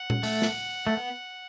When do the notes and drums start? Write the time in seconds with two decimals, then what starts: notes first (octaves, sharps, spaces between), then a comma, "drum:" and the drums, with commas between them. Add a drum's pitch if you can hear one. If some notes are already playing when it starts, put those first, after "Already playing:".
Already playing: F#5
0.10 drum: tom A#2
0.23 A3, drum: open hi-hat
0.42 drum: snare
0.87 A3
0.97 B3